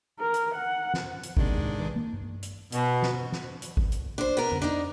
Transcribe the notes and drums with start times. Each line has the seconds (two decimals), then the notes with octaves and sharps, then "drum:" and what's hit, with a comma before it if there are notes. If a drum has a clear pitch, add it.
0.19 A#4
0.34 drum: hi-hat
0.55 F#5
0.94 drum: snare
1.23 drum: hi-hat
1.37 C3 D#3 G#3 D4, drum: kick G#1
1.50 E2
1.64 A2
1.79 E3
1.96 A#3
2.13 drum: tom G2
2.43 drum: hi-hat
2.72 B2, drum: hi-hat
3.03 drum: snare
3.32 drum: snare
3.62 drum: hi-hat
3.77 drum: kick G#1
3.92 drum: hi-hat
4.18 D4 C5
4.37 B3 A#4
4.52 drum: tom F2
4.62 D4 D#4